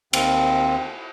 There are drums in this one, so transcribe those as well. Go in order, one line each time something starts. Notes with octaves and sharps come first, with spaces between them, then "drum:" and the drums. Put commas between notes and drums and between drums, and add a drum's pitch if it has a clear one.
D#2 C4, drum: cymbal